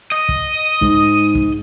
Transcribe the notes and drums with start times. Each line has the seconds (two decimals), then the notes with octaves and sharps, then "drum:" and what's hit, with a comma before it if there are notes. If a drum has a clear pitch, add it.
0.12 D#5
0.29 drum: kick
0.82 G#2, drum: kick
1.35 drum: kick